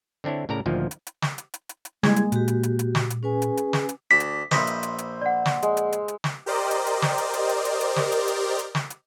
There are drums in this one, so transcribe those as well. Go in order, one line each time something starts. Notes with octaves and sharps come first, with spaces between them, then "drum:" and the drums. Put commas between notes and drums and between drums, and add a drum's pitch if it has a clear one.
D3 C4 D4 E4 C#5
A2 C#3 A#4 D5 A#5
D2 A#2 D#3 F3
drum: hi-hat
drum: hi-hat
drum: snare
drum: hi-hat
drum: hi-hat
drum: hi-hat
drum: hi-hat
G3 G#3 A#3 E4 G#6, drum: snare
drum: hi-hat
A#2 F#4 G4, drum: hi-hat
drum: hi-hat
drum: hi-hat
drum: hi-hat
drum: snare
drum: hi-hat
C#4 G#4 B4 G#5
drum: hi-hat
drum: hi-hat
drum: snare
drum: hi-hat
D2 D4 B6
drum: hi-hat
A#1 B4 C5 D#5 E5, drum: snare
drum: hi-hat
drum: hi-hat
drum: hi-hat
D5 F#5
drum: snare
G#3, drum: hi-hat
drum: hi-hat
drum: hi-hat
drum: hi-hat
drum: snare
G4 A#4 C5 D5 D#5
drum: hi-hat
drum: hi-hat
drum: snare
drum: hi-hat
drum: hi-hat
drum: hi-hat
drum: hi-hat
drum: hi-hat
drum: snare
drum: hi-hat
drum: hi-hat
drum: hi-hat
drum: snare
drum: hi-hat